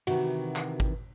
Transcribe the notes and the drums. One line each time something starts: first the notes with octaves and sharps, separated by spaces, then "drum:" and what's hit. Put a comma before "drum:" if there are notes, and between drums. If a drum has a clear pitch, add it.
C3 D#3 E3 F#4, drum: cymbal
drum: clap
drum: kick G#1